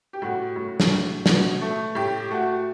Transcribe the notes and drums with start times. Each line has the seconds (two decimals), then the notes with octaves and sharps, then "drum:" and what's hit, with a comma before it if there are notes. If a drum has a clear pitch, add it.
0.13 G4
0.22 A2 F#4
0.56 A2
0.80 drum: snare
0.91 A2
1.26 B2, drum: snare
1.61 A3
1.95 A2 G4
2.31 A3 F#4